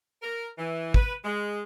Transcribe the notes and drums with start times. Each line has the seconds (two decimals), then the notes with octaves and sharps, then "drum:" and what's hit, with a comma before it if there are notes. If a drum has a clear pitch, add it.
0.22 A#4
0.58 E3
0.94 B4, drum: kick
1.24 G#3